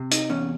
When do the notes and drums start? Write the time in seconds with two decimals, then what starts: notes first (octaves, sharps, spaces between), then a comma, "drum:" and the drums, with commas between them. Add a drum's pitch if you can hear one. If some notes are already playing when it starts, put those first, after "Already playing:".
Already playing: C3
0.11 D#4, drum: hi-hat
0.29 E2 C#4